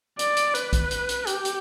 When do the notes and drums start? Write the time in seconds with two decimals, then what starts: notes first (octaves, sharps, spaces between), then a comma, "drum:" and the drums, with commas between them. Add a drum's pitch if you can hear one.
0.19 D5, drum: hi-hat
0.37 drum: hi-hat
0.55 B4, drum: hi-hat
0.73 drum: kick B1, hi-hat
0.91 drum: hi-hat
1.09 drum: hi-hat
1.27 G4, drum: hi-hat
1.45 drum: hi-hat